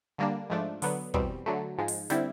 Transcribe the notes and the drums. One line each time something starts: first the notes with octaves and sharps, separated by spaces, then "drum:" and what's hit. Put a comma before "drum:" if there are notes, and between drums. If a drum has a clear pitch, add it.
D3 G3 A#3 D4
G#2 F3 A3 D4
D3 F#3 B3, drum: open hi-hat
E2 B2 G3 C4, drum: kick
D3 F#3 A3
G#2 F3 G#3
drum: open hi-hat
D3 G3 C4 E4, drum: snare